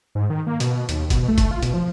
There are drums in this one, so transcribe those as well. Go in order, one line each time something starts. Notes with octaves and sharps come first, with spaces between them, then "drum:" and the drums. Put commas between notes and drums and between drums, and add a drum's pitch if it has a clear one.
G#2
D#3
A#3
B2, drum: hi-hat
B2
D#2, drum: hi-hat
B2, drum: kick, hi-hat
A3
drum: kick, hi-hat
F4
B2, drum: hi-hat
F3